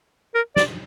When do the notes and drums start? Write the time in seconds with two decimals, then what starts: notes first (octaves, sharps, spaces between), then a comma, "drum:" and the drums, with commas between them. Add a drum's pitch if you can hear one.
0.34 A#4
0.56 D5, drum: snare